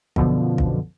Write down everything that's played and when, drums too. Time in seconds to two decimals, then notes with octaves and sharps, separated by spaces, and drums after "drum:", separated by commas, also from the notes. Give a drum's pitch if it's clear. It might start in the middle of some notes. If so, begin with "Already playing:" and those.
0.16 F#2 B2 D3 F3, drum: kick
0.58 drum: kick